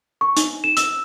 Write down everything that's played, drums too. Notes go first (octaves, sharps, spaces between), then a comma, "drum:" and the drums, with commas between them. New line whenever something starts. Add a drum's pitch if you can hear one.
C#6
D#4, drum: hi-hat
E7
E6, drum: hi-hat